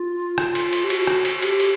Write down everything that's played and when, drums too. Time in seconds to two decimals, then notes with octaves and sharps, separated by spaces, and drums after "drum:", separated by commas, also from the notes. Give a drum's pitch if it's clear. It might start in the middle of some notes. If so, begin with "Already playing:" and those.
Already playing: F4
0.38 drum: rim click
0.55 drum: cymbal
0.73 drum: cymbal
0.84 G4
0.90 F#4, drum: cymbal
1.07 drum: rim click
1.25 drum: cymbal
1.42 G4, drum: cymbal
1.60 drum: cymbal